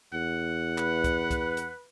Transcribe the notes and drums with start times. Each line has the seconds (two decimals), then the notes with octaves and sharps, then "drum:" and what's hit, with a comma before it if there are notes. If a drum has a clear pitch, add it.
0.13 E2 F#5
0.78 B4, drum: clap
1.04 drum: kick C2, hi-hat
1.31 drum: kick C2, hi-hat
1.57 drum: hi-hat